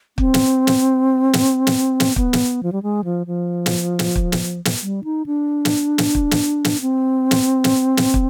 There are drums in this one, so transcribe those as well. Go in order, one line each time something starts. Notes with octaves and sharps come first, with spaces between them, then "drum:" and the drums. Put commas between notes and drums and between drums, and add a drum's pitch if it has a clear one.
C4, drum: kick
drum: snare
drum: snare
drum: snare
drum: snare
drum: snare
B3, drum: kick
drum: snare
F3
G3
G#3
F3
F3
drum: snare
drum: snare
drum: kick
drum: snare
drum: snare
G3
D#4
D4
drum: snare
drum: snare
drum: kick
drum: snare
drum: snare
C4
drum: snare
drum: snare
drum: snare
drum: kick